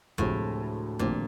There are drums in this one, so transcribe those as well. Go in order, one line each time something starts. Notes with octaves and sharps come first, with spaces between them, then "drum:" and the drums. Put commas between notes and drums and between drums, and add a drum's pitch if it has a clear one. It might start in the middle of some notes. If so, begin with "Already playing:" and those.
D2 A2 C3 F3 G#3, drum: kick G#1
D#2 A#2 D3 F3 A3 C4, drum: kick G#1